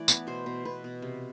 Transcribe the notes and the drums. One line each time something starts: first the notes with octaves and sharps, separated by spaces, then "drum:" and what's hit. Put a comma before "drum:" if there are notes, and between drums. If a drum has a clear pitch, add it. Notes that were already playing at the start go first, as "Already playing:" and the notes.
Already playing: E3 A3 D5
B3, drum: tambourine
B2 C5
B2
B2 B4
B2
C3